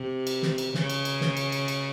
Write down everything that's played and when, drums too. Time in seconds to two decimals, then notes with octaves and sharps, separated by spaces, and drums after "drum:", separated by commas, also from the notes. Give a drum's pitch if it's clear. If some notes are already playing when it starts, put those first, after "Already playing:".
Already playing: C3
0.27 drum: cymbal
0.42 drum: snare
0.58 drum: cymbal
0.74 C#3, drum: snare
0.90 drum: cymbal
1.05 drum: cymbal
1.21 drum: snare
1.37 drum: cymbal
1.52 drum: cymbal
1.68 drum: cymbal